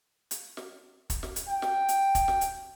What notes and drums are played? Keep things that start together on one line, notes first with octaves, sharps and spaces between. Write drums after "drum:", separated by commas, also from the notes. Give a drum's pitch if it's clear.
drum: hi-hat
drum: snare
drum: kick, hi-hat
drum: snare
drum: hi-hat
G5
drum: snare
drum: hi-hat
drum: kick, hi-hat
drum: snare
drum: hi-hat